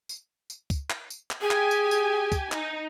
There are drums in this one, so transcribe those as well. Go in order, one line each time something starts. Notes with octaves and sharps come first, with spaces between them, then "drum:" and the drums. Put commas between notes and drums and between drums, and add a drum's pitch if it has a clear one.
drum: tambourine
drum: tambourine
drum: kick, tambourine
drum: clap
drum: tambourine
drum: clap
G4 G#4 G#5
drum: clap
drum: tambourine
drum: tambourine
drum: kick, tambourine
D#4, drum: clap